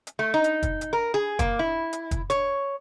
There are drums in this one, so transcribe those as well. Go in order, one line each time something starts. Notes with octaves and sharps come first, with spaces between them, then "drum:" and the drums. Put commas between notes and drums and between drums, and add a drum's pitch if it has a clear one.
drum: hi-hat
A3
D#4
drum: hi-hat
drum: kick, hi-hat
drum: hi-hat
A#4
G#4
A#3, drum: kick, hi-hat
E4
drum: hi-hat
drum: kick, hi-hat
C#5, drum: hi-hat